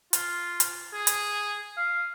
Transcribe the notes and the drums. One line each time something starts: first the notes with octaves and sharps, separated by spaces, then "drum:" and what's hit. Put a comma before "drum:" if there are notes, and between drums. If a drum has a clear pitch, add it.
F4, drum: hi-hat
drum: hi-hat
G#4
drum: hi-hat
F5